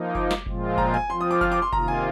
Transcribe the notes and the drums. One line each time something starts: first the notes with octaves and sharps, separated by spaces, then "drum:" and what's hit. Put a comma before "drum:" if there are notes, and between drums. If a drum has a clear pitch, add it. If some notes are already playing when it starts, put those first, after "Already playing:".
Already playing: F3 A#3 D#4
D6, drum: kick F#1
drum: snare
A#2 F3 G#3 C4 F4, drum: kick F#1
A#5, drum: kick F#1
G#5
F3 C4 F4 C6
D#6
D6
F6, drum: kick F#1
D6
C6
C3 D#3 A#3 F4 A#5, drum: kick F#1
G#5